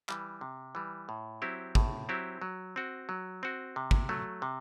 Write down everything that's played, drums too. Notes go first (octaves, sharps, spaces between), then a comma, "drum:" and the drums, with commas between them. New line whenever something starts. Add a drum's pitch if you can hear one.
E3 G3, drum: clap
C3
E3 G3
A2
F#3 C4 E4 G4
A2, drum: kick
F#3 C4 E4 G4
F#3
C4 F#4
F#3
C4 F#4
C3
drum: kick
F#3 A3
C3